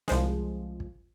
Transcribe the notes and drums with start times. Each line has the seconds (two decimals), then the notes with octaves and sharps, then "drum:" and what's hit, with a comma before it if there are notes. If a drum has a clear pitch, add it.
0.08 C2 F3 G#3, drum: snare
0.80 drum: kick